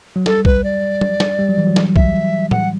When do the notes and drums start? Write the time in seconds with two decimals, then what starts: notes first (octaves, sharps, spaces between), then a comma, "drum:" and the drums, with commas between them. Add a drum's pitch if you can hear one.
0.16 F#3
0.26 G3 A4, drum: snare
0.45 B4, drum: kick B1
0.64 D5
1.01 drum: tom F#3
1.20 drum: snare
1.39 G3
1.49 F#3
1.58 E3
1.67 F#3
1.76 drum: snare
1.96 E5, drum: kick B1
2.51 F#5, drum: tom A2